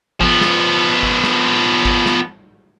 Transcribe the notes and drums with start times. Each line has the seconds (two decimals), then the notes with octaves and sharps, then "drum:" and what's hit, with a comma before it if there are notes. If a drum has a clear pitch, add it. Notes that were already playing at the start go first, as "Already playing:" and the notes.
0.21 F3 B3, drum: kick G#1
0.41 drum: snare
1.03 drum: kick G#1
1.24 drum: snare
1.85 drum: kick G#1
2.06 drum: snare